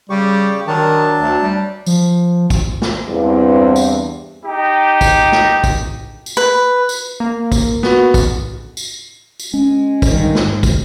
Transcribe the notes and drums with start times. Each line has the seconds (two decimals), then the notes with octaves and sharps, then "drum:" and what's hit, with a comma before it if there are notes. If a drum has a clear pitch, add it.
0.10 C#3 G3 G4 C#6
0.67 D#3 F#3 D4 A5
1.21 D2
1.42 G3
1.86 F3, drum: tambourine
2.50 drum: kick, tambourine
2.82 drum: snare
3.07 E2 G2 C4
3.76 drum: tambourine
4.45 D#4 G4
5.01 drum: kick, tambourine
5.32 drum: snare
5.64 drum: kick, tambourine
6.26 drum: tambourine
6.37 B4
6.89 drum: tambourine
7.20 A#3
7.52 drum: kick, tambourine
7.83 B3 F#4, drum: snare
8.14 drum: kick, tambourine
8.77 drum: tambourine
9.40 drum: tambourine
9.54 G#3 C#4
10.02 drum: kick, tambourine
10.11 G2 D#3
10.35 G#2, drum: snare
10.63 F1 D2, drum: kick, tambourine